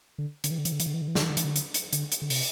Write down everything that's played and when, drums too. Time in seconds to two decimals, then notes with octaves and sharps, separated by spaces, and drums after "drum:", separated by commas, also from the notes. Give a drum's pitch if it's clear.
0.18 D3
0.44 D3, drum: hi-hat
0.51 E3
0.58 D3
0.65 E3, drum: hi-hat
0.72 D3
0.80 E3, drum: hi-hat
0.86 D3
0.94 E3
1.02 D3
1.08 E3
1.15 D3, drum: snare
1.22 E3
1.30 D3
1.37 E3, drum: hi-hat
1.45 D3
1.56 drum: hi-hat
1.74 drum: hi-hat
1.93 D3, drum: hi-hat
2.12 drum: hi-hat
2.22 D3
2.30 C3, drum: open hi-hat